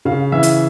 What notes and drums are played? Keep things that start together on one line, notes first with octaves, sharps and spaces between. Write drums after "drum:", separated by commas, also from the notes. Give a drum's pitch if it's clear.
C#3 F5
E3 E5
drum: hi-hat